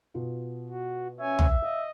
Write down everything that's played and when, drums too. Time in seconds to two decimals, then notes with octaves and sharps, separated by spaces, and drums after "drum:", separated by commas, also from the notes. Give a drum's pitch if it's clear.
0.14 B2 F4
0.69 F#4
1.21 C#4 C#5 E5 G#5
1.39 drum: tom B1
1.62 D#5 F5